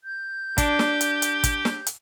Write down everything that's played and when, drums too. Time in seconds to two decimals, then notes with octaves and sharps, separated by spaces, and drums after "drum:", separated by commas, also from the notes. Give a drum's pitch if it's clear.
0.04 G6
0.58 D4 G4, drum: kick, hi-hat
0.79 drum: snare
1.01 drum: hi-hat
1.22 drum: hi-hat
1.44 drum: kick, hi-hat
1.65 drum: snare
1.86 drum: hi-hat